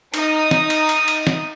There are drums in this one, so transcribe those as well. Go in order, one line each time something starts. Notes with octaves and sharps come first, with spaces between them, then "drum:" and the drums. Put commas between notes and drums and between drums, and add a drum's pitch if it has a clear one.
D#4 D#6, drum: cymbal
drum: snare
drum: cymbal
drum: cymbal
drum: cymbal
drum: snare